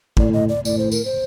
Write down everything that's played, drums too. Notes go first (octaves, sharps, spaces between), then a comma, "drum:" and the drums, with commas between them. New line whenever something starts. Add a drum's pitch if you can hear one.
A2 D5, drum: kick
D#5
D5
A2 D5, drum: tambourine
C5
A#4, drum: tambourine
C5